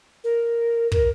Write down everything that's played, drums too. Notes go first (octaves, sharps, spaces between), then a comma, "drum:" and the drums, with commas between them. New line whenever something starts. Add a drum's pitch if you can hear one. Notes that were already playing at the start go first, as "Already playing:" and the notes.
A#4
A#4, drum: kick